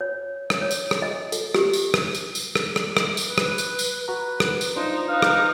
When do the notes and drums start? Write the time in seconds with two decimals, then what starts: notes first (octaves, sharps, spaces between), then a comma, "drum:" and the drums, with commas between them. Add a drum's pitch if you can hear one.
0.01 C#5
0.50 drum: rim click
0.61 C#5
0.71 drum: tambourine
0.91 drum: rim click
1.02 D#5
1.32 A4, drum: tambourine
1.55 G4, drum: rim click
1.73 drum: tambourine
1.94 drum: rim click
2.14 drum: tambourine
2.35 drum: tambourine
2.56 drum: rim click
2.76 drum: rim click
2.97 drum: rim click
3.17 drum: tambourine
3.26 B4
3.38 drum: rim click
3.58 drum: tambourine
3.79 drum: tambourine
4.08 F#4 B4 A#5
4.40 drum: rim click
4.61 drum: tambourine
4.76 D4 D#4 F4 C5
5.08 D#4 B4 F5
5.22 drum: rim click